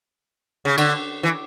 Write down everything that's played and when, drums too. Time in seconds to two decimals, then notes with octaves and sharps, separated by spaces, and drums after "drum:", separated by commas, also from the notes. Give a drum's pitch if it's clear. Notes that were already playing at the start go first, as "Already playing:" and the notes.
0.65 C#3
0.78 D3, drum: cymbal
1.23 E3